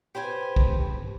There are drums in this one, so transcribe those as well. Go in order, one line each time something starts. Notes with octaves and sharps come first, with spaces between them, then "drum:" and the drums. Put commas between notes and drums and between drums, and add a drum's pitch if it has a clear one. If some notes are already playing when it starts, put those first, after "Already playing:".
G4 B4 C5 G#5
drum: kick